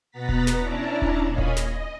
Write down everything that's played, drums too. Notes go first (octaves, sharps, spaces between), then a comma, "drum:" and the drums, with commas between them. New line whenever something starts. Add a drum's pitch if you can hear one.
B2 B3 F#5 A#5 A6 B6
drum: kick D#1
drum: snare
C#4 D4 E4 D5 A5 A#5
drum: kick D#1
A#2 C#5 D#5 F5 G#5 B5
drum: kick D#1
D#5, drum: snare